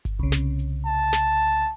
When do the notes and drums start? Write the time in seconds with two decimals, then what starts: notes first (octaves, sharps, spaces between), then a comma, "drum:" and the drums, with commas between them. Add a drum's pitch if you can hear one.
0.05 drum: kick G1, hi-hat
0.19 C2 C#3
0.32 drum: snare
0.59 drum: hi-hat
0.86 A5
1.13 drum: snare